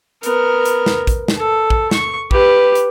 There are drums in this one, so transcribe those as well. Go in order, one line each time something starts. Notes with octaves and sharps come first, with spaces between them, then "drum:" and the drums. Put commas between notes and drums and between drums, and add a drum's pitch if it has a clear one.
B3 A#4, drum: hi-hat
drum: hi-hat
drum: snare
drum: kick, hi-hat
drum: snare
A4
drum: kick
C#6, drum: snare
G4 B4, drum: kick
drum: hi-hat